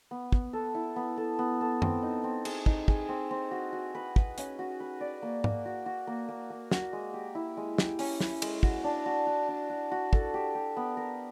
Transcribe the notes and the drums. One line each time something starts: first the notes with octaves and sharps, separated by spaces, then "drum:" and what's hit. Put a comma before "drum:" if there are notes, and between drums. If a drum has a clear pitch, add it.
B3
B3, drum: kick
A4
E4
B3
A4
B3
A4
C4, drum: tom F#2
D#4
C4
G#4, drum: cymbal
D#4, drum: kick
G#4, drum: kick
C4
C4
F#4
F#4
B4
B4, drum: kick
C#4, drum: hi-hat
F#4
B4
D5
A#3
A#3, drum: tom G#2
F#4
F#4
A#3
A#3
A#3
F#4, drum: snare
G#3
G4
E4
G#3
G4, drum: snare
C#4, drum: open hi-hat
E4, drum: snare
G#3, drum: cymbal
F#4, drum: kick
D4
F#4
F#4
D4
F#4
F#4
A4, drum: kick
G4
G4
B3
A#4